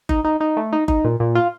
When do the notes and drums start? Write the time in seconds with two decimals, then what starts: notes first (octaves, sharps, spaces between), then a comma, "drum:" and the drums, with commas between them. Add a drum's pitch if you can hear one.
0.09 D#4, drum: kick G1
0.24 D#4
0.40 D#4
0.57 A3
0.73 D#4
0.88 D#4, drum: kick G1
1.05 A#2
1.20 A#2
1.35 F4